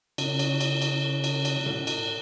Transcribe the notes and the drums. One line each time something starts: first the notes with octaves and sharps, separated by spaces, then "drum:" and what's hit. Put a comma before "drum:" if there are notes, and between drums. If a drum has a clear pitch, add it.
C#3 C#4, drum: cymbal
drum: cymbal
drum: cymbal
drum: cymbal
drum: cymbal
drum: cymbal
drum: tom A2
drum: cymbal